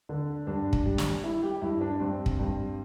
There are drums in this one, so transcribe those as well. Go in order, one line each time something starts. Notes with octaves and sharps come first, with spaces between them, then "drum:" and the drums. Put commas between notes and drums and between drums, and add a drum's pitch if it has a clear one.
D3
G2 D4
drum: kick
G3
drum: snare
G3 E4
G4
G2 E4
D4
G2 C4
drum: kick
G2